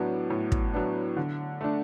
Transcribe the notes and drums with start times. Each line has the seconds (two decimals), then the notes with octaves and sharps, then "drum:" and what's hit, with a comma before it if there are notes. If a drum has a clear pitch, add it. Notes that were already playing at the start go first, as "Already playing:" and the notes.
Already playing: A2 F#3 B3 D4
0.30 A2
0.52 drum: kick
0.74 F#3 B3 D4
1.17 D3
1.61 A3 D4